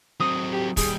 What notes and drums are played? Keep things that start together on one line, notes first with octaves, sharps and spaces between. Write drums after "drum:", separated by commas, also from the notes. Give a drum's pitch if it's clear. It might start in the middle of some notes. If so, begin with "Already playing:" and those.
F#3 C4 D#6
G4
D#2 G3 G#4, drum: kick, open hi-hat